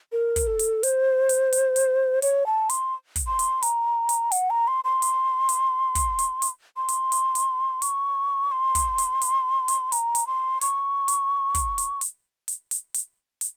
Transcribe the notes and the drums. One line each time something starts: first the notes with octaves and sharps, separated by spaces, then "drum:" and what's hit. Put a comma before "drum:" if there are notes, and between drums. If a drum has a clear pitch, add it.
A#4
drum: kick, hi-hat
A4
drum: hi-hat
C5, drum: hi-hat
drum: hi-hat
drum: hi-hat
drum: hi-hat
C#5, drum: hi-hat
A5
C6, drum: hi-hat
drum: kick, hi-hat
C6
drum: hi-hat
A#5, drum: hi-hat
drum: hi-hat
F#5, drum: hi-hat
A#5
C6
C6
drum: hi-hat
drum: hi-hat
drum: kick, hi-hat
drum: hi-hat
drum: hi-hat
C6
drum: hi-hat
drum: hi-hat
drum: hi-hat
C#6, drum: hi-hat
C6
drum: kick, hi-hat
drum: hi-hat
drum: hi-hat
drum: hi-hat
A#5, drum: hi-hat
drum: hi-hat
C6
C#6, drum: hi-hat
drum: hi-hat
drum: kick, hi-hat
drum: hi-hat
drum: hi-hat
drum: hi-hat
drum: hi-hat
drum: hi-hat
drum: hi-hat